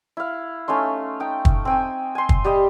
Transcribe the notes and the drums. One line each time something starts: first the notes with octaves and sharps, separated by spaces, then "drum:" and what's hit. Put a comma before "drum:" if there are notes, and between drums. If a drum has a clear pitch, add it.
E4 F5
A3 C#4 D#4 C6
D#4 G5
drum: kick
C4 G5 G#5
G#5 C6
drum: kick
G3 G4 D#5